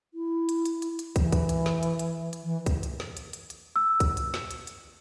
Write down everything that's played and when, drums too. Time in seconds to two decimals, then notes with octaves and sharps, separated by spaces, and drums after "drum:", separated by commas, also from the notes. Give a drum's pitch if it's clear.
0.14 E4
0.49 drum: hi-hat
0.65 drum: hi-hat
0.82 drum: hi-hat
0.99 drum: hi-hat
1.16 E3, drum: kick, hi-hat
1.32 drum: kick, hi-hat
1.49 drum: hi-hat
1.66 drum: snare
1.83 drum: hi-hat
1.99 drum: hi-hat
2.33 drum: hi-hat
2.43 E3
2.66 drum: kick, hi-hat
2.83 drum: hi-hat
3.00 drum: snare
3.17 drum: hi-hat
3.33 drum: hi-hat
3.50 drum: hi-hat
3.76 E6
4.00 drum: kick, hi-hat
4.17 drum: hi-hat
4.34 drum: snare
4.51 drum: hi-hat
4.67 drum: hi-hat